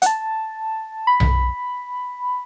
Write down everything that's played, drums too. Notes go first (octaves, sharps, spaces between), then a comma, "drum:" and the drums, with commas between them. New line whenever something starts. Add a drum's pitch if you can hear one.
F#5, drum: hi-hat
A5
B5
drum: tom B1